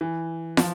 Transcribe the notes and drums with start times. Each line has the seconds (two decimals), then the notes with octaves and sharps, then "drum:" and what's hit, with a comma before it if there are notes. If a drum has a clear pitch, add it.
0.01 E3
0.57 F3, drum: snare